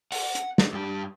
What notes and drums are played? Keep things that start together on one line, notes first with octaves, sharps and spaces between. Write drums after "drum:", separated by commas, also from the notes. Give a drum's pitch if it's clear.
F#5, drum: open hi-hat
drum: hi-hat
drum: snare
G2 G4